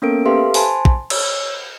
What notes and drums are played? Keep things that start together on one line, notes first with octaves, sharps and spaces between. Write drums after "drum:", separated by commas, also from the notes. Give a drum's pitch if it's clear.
A#3 B3 C#4 A4 A#4 D7
G4 A4 B4 E5 F5 C6
C5 G#5 A5 B5 C6, drum: open hi-hat
drum: kick
C#5 E6, drum: cymbal